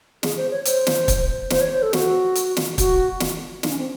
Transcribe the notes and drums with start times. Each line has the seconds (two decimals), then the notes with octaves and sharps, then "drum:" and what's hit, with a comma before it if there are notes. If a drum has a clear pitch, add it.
0.23 G#4, drum: snare
0.37 C5
0.51 C#5
0.65 C5, drum: hi-hat
0.87 drum: snare
1.08 drum: kick, hi-hat
1.51 C5, drum: snare
1.61 C#5
1.72 C5
1.82 A4
1.93 F#4, drum: snare
2.35 drum: hi-hat
2.57 drum: snare
2.78 F#4, drum: kick, hi-hat
3.20 drum: snare
3.63 D#4, drum: snare
3.70 C#4
3.77 C4